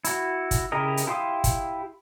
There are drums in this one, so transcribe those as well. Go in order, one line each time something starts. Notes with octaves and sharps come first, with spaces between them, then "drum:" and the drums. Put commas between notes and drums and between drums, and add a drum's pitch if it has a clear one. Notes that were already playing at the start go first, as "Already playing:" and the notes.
E4 F#4, drum: hi-hat
drum: kick, hi-hat
C#3 E4 G4 A#4 D#5
drum: hi-hat
E4 G4 F5 C6 D#6
drum: kick, hi-hat